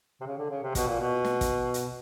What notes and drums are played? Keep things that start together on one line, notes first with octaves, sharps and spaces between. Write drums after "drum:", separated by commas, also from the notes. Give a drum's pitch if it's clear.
C3
C#3
D3
C#3
C3
B2, drum: kick, hi-hat
A#2
B2
drum: snare
drum: kick, hi-hat
drum: hi-hat